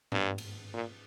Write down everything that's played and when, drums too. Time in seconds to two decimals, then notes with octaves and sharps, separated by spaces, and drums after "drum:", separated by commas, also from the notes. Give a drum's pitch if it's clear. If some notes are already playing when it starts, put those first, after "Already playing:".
0.12 G2, drum: tom G2
0.38 drum: cymbal
0.74 A#2